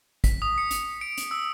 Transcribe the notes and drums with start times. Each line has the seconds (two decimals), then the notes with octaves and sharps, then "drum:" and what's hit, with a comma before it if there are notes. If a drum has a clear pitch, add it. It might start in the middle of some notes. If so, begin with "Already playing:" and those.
0.24 B6, drum: kick, hi-hat
0.42 D#6
0.58 C#7
0.71 drum: hi-hat
0.83 C#7
1.01 D7
1.18 drum: hi-hat
1.31 E6